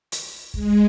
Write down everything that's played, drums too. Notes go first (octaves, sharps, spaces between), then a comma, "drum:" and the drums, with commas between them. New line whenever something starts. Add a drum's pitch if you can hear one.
drum: hi-hat
G#3, drum: kick